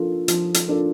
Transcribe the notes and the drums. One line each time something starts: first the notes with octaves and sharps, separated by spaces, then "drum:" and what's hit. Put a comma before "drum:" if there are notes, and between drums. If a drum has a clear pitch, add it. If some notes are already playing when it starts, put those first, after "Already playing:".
Already playing: F3 A#3 D4 F4 A4
F3, drum: hi-hat
drum: hi-hat
A#3 D4 F4 A4